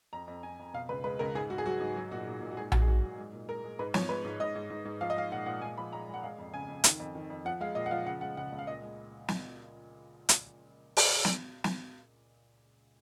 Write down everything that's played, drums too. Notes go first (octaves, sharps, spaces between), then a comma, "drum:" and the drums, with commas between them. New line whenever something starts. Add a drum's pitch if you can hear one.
F2 A#5
F2
F2 G#5
F2
B2 F5
C#2 B4
G#3 B4
C#2 A#4
G#2 G#4
G#2 F#4
G#4
F#3 F#4
G#2
F#3
A#2 F#4
A#2
A#2
F#4
G#2 G#4
G#2 F#4, drum: tom A#1
G#4
G#2 F#4
F#3
G#3
A#2
G#3 A#4
G#3
G#2 B4
F3 C#5, drum: snare
G#3 B4
G#2
G#2 D#5
G#2
G#2
G#2
F3 F5
D#5
G#3 F5
A#2 F#5
A#2 F#5
G#3 G#5
F3 B5
G#3 A#5
G#3
F#5
G#3 F5
F2
C#3 G#5
F2
D#3, drum: hi-hat
F2
D#3
F2
F3 F#5
G#3 F5
A#2 D#5
F#5
F3 F5
C#3 F#5
G#3 F#5
C#2 F#5
C#2
F5
A#2 D#5
G#3
drum: snare
drum: hi-hat
drum: open hi-hat
drum: snare
drum: snare